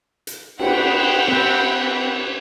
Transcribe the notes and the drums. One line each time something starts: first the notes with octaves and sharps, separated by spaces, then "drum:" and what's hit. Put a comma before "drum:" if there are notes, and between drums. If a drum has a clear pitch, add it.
drum: hi-hat
F#5 G5 B5, drum: cymbal
C4